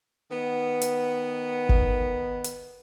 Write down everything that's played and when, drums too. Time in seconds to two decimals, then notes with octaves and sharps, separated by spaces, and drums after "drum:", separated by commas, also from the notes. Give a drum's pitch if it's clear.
0.31 D#3 B3
0.82 drum: hi-hat
1.69 drum: kick G1
2.44 drum: hi-hat